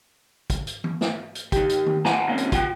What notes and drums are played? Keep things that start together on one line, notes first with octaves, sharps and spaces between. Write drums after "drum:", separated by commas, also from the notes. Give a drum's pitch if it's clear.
drum: kick, hi-hat
drum: hi-hat
drum: tom E3
drum: snare
drum: hi-hat
D#3 G4, drum: kick, hi-hat
drum: hi-hat
drum: tom D#3
F5 F#5 G#5 A#5, drum: snare
C3 D#3 A#3 C4 C#4
drum: hi-hat
F4 F#4 G5, drum: kick, hi-hat